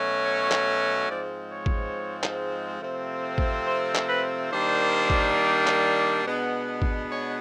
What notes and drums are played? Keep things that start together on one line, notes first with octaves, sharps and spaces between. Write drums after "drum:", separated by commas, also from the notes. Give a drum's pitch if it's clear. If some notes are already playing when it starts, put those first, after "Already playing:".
Already playing: B2 F#3 A3 C#4
C#5
drum: clap
G#2 F3 G#3 C4 D5
C#5
drum: kick G#1
drum: clap
C3 F3 A3 C4
drum: kick G#1
C5
drum: clap
B4
D#3 G3 A#3 D4 C5
drum: kick G#1
drum: clap
B2 G#3 B3 D4
drum: kick G#1
C#5